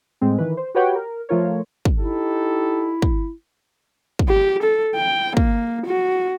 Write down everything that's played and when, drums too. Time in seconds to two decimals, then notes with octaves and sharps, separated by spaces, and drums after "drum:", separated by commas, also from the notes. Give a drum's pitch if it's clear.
0.21 A2 G#3 C4
0.38 D#3 E3 B4
0.57 C5
0.75 F#4 G4 B4 C#5 F#5 G5
0.95 A#4
1.29 F3 A3 F4 A#4 C#5
1.85 drum: kick
1.99 D#4 E4 G4 A4
3.02 drum: kick
4.19 drum: kick
4.29 G4
4.63 A4
4.95 G5
5.37 A#3, drum: kick
5.87 F#4